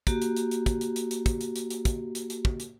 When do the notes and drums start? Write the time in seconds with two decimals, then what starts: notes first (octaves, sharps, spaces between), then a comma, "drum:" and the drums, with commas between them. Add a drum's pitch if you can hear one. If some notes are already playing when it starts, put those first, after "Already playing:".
0.07 A#3 F#4 G4, drum: kick, hi-hat
0.22 drum: hi-hat
0.36 drum: hi-hat
0.51 drum: hi-hat
0.66 drum: kick, hi-hat
0.81 drum: hi-hat
0.96 drum: hi-hat
1.11 drum: hi-hat
1.26 drum: kick, hi-hat
1.41 drum: hi-hat
1.56 drum: hi-hat
1.70 drum: hi-hat
1.85 drum: kick, hi-hat
2.15 drum: hi-hat
2.30 drum: hi-hat
2.45 drum: kick
2.60 drum: hi-hat